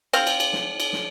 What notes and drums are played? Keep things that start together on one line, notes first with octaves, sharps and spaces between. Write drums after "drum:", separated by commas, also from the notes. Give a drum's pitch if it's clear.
C4 F5, drum: cymbal
drum: cymbal
drum: cymbal
drum: snare
drum: cymbal
drum: snare